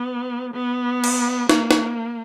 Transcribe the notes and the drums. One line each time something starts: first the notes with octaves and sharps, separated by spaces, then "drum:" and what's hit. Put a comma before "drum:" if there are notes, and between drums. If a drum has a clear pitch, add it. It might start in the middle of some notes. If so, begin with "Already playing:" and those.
Already playing: B3
B3
drum: cymbal
A#3, drum: snare
drum: snare